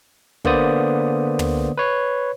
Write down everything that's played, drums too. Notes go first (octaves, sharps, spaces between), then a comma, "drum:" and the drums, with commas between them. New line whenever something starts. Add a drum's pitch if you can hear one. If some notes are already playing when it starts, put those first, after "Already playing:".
D3 A#3 B3 C5 D5 D#6, drum: kick
drum: tom
B4 C#5